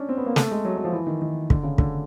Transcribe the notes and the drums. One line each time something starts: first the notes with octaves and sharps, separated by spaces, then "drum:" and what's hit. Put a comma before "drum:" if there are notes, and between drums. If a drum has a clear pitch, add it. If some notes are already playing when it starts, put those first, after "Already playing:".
Already playing: C#4 D4
C4
B3
A#3
A3, drum: snare
G#3
F#3
F#3
F3
E3
D#3
D#3
D3, drum: kick
C#3
D3, drum: kick